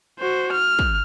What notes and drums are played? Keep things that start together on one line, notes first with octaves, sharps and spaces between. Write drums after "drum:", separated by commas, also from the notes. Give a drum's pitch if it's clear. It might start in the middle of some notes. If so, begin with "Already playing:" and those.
F#4 C5
F6
drum: kick